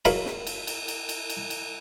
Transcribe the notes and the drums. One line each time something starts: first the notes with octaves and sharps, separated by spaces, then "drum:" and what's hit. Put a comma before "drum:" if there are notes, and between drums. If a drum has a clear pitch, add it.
F#3 G#3 E4 A#4 B4 F5, drum: cymbal
drum: snare
drum: cymbal
drum: cymbal
drum: cymbal
drum: cymbal
drum: cymbal
drum: cymbal